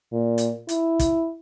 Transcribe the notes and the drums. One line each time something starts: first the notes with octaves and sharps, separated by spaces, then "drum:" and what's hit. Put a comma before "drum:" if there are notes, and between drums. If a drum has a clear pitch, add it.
A#2
drum: hi-hat
E4, drum: hi-hat
drum: kick, hi-hat